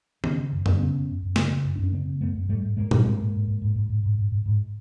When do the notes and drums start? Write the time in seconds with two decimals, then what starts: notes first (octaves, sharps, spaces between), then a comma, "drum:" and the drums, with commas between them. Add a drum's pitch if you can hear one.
0.24 C#3 B3 C#4, drum: tom D#3
0.37 C#3
0.52 F#2
0.66 F#2 D4, drum: tom
0.80 C#3 B3 C#4
0.94 C#3
1.08 F#2
1.22 F#2
1.36 C#3, drum: snare
1.51 C#3
1.64 F#2
1.76 D4
1.79 F#2 C#4
1.92 C#3 A#3 C4
2.07 C#3
2.21 F#2 A3 B3
2.35 F#2
2.49 G#2 G3 A3
2.62 G#2
2.77 G#2 G#3 A#3
2.91 G#2, drum: tom A#2
2.99 A3
3.05 G#2 G#3 A#3
3.19 G#2
3.34 G#2
3.48 G#2
3.62 G#2
3.76 G#2
3.90 G#2
4.03 G#2
4.18 G#2
4.32 G#2
4.46 G#2